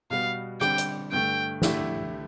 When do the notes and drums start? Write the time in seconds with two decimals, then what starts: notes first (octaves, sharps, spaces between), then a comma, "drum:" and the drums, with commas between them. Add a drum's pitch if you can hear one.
0.10 B2 G3 B3 F5
0.61 D3 G3 C4 G4 G5, drum: rim click
0.78 drum: hi-hat
1.12 G2 D3 A3 G5
1.62 D3 A3 E4 G4, drum: snare